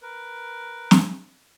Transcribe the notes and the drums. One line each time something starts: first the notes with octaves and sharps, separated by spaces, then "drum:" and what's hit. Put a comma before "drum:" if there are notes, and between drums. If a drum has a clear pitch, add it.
A#4 B4
drum: snare